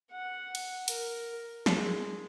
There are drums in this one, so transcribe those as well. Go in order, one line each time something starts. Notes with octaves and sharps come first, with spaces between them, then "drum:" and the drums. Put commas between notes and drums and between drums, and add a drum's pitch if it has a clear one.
F#5
drum: cymbal
A#4, drum: hi-hat
G#3, drum: snare